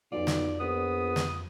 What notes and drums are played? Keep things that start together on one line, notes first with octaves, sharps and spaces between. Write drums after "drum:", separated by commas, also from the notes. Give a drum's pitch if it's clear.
B1 F2 F4 D5
drum: snare
A#1 B3 D#6
drum: snare